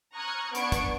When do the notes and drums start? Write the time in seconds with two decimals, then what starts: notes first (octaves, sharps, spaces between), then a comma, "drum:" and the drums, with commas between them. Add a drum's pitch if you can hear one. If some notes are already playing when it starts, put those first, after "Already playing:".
0.16 A#5 C#6 D#6 F6 F#6 G#6
0.55 B3 D4 C#6 G#6 D7, drum: hi-hat
0.72 drum: kick, hi-hat